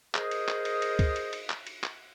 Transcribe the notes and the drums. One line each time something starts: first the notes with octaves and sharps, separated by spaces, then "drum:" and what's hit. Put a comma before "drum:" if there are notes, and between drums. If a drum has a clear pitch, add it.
G#4 A#4 C5 D#5, drum: clap
drum: cymbal
drum: clap
drum: cymbal
drum: cymbal
drum: kick, cymbal
drum: cymbal
drum: cymbal
drum: clap
drum: cymbal
drum: clap